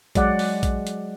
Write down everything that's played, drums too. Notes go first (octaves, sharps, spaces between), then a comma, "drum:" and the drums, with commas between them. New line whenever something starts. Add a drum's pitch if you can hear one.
F#3 G#3 D5 F#5, drum: kick A#1, hi-hat
drum: open hi-hat
drum: kick A#1, hi-hat
drum: hi-hat